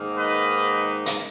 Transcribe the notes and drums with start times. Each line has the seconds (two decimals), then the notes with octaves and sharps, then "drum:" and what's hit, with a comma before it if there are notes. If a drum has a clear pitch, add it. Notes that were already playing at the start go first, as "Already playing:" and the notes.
Already playing: G#2 D#3 A#3
0.17 B4 D#5
1.06 drum: hi-hat